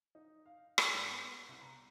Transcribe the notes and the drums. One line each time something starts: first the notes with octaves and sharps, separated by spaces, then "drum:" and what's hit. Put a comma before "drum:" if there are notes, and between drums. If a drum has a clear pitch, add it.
D#4
F5
drum: rim click
G#2
B3
C2
A#5